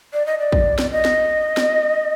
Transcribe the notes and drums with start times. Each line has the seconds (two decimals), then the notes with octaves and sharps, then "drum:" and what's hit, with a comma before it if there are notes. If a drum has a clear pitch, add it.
0.13 D5
0.26 D#5
0.39 D5
0.52 drum: kick A1
0.79 drum: snare
0.92 D#5
1.05 drum: snare
1.57 drum: snare